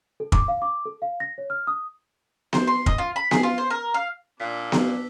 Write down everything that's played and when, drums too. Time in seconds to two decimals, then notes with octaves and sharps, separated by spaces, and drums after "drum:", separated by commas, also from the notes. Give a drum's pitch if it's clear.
0.20 A4
0.32 D6, drum: kick
0.48 F5
0.62 D6
0.85 A4
1.02 F5
1.20 A#6
1.38 C#5
1.50 F6
1.67 D#6
2.53 C5, drum: snare B3
2.67 C6
2.86 D#5, drum: kick
2.98 F4
3.16 B5
3.31 G#4, drum: snare B3
3.43 F4
3.58 C5
3.70 A#4
3.94 F5
4.40 A#2 D4 E6 B6
4.72 drum: snare B3